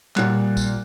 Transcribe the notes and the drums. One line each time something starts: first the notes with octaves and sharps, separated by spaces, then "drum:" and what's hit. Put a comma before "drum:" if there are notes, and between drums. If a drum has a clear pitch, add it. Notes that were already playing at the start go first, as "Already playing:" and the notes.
A#2 G3 F#5 F#6, drum: clap
drum: kick, tambourine